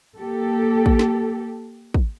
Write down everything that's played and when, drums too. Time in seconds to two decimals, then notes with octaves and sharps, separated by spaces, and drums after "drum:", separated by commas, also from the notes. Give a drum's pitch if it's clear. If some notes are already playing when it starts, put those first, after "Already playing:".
0.18 A#3 G4 A4
0.86 drum: kick
0.99 drum: snare
1.94 drum: kick